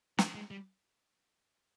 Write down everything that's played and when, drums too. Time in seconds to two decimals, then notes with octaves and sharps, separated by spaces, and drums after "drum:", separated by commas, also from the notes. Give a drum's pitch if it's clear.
0.19 F3, drum: snare
0.35 G#3
0.51 G3